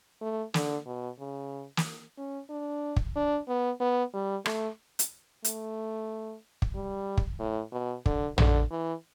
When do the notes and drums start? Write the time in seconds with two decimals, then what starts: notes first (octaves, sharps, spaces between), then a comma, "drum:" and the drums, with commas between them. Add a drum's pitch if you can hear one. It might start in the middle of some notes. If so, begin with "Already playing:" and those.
0.21 A3
0.54 D3, drum: snare
0.87 B2
1.20 C#3
1.77 drum: snare
2.18 C#4
2.50 D4
2.96 drum: kick
3.16 D4
3.48 B3
3.81 B3
4.14 G3
4.46 A3, drum: rim click
4.99 drum: hi-hat
5.44 A3, drum: hi-hat
6.62 drum: kick
6.75 G3
7.17 drum: kick
7.39 A2
7.72 B2
8.06 D3, drum: kick
8.38 D3, drum: tom
8.71 E3